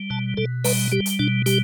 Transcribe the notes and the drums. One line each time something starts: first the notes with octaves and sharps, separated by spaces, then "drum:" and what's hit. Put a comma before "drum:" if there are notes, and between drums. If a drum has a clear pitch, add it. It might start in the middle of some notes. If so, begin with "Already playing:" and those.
Already playing: G3
B2 A5
B2 A4
G3 B4, drum: open hi-hat
G3 G4
drum: hi-hat
B2 D4
G3 G4, drum: hi-hat